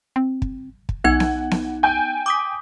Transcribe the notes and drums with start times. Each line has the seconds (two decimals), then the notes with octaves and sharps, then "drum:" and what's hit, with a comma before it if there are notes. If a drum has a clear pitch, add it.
0.16 C4
0.42 drum: kick
0.89 drum: kick
1.04 B1 B3 D#4 F#5 G#6
1.20 drum: snare B3
1.51 drum: snare B3
1.83 G5 G#5 G6
2.26 D6 D#6 B6